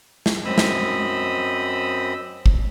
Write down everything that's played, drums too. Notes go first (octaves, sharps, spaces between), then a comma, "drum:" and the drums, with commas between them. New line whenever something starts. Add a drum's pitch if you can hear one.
drum: snare
F#2 C4 D#5 B5 D#6 E6
drum: snare
drum: kick